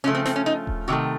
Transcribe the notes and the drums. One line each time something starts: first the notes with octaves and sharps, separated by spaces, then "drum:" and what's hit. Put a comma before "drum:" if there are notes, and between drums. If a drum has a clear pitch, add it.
C#3 F3 A3 C#4
C4
C4, drum: snare
C#4
D#4
drum: kick D#1
C3 D#3 A3 F#4